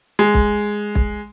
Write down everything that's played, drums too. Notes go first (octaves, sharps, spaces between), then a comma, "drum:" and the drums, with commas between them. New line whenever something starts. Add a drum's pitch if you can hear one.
G#3
drum: kick
drum: kick